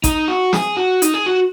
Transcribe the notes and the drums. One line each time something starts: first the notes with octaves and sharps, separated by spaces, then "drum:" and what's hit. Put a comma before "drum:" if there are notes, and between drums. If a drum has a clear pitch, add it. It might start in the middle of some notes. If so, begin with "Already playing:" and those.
D#4, drum: kick, hi-hat
F#4
G#4, drum: snare
F#4
D#4, drum: hi-hat
G#4
F#4